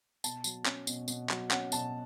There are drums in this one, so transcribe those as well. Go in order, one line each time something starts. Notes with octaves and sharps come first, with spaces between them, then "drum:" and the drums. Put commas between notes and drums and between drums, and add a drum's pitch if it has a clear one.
B2 A5, drum: tambourine
F#3, drum: tambourine
C#4, drum: clap
B2, drum: tambourine
B2, drum: tambourine
F#3, drum: clap
C#4 F#5, drum: clap
B2 A5, drum: tambourine